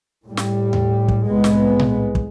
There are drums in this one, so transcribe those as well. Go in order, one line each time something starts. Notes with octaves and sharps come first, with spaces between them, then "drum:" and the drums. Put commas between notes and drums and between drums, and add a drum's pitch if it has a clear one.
A2 G3
drum: snare
drum: tom D#2
drum: kick
C2 A2 G#3 B3
drum: snare
drum: tom A#2
drum: kick